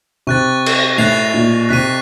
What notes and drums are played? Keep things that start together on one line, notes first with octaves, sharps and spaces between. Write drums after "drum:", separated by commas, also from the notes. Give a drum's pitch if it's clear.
C3 C#6 F#6 A6
drum: cymbal
A2 F#6 A6 C7 F7
A#2
C3 F#6 B6 D#7